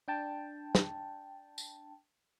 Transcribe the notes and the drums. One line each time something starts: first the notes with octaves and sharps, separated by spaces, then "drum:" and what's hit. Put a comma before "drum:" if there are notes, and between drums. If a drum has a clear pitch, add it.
D4 G5 A5
drum: snare
drum: tambourine